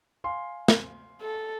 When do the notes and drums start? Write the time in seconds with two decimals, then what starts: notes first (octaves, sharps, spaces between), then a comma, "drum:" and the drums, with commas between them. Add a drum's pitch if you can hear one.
0.24 F5 G#5 C6
0.68 drum: snare
1.21 A4